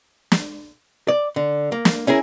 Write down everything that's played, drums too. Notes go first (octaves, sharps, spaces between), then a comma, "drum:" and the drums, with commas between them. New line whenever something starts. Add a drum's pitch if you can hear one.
drum: snare
D5
D3
A#3
drum: snare
C#4 E4 G#4 A#4